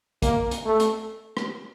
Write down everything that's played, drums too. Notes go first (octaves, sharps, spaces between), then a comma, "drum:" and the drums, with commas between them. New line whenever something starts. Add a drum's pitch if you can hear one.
A#3, drum: kick, hi-hat
drum: hi-hat
A3
drum: hi-hat
drum: rim click